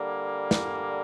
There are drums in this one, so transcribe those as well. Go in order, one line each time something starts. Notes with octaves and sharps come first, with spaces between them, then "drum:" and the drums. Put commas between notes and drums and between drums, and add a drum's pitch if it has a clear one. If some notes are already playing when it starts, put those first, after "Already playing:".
Already playing: D3 G3 A#3
drum: snare